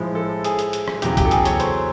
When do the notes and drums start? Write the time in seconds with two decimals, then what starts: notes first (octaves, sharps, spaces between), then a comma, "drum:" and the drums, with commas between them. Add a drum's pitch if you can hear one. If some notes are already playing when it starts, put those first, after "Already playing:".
Already playing: A2 F3 G#3
0.15 A4
0.44 G#4, drum: hi-hat
0.59 drum: hi-hat
0.73 drum: hi-hat
0.88 drum: rim click
1.02 E2 C#3 F#3 G4, drum: hi-hat
1.17 G4, drum: kick B1, hi-hat
1.25 A4
1.31 G#4, drum: hi-hat
1.45 C#5, drum: hi-hat
1.60 C5, drum: hi-hat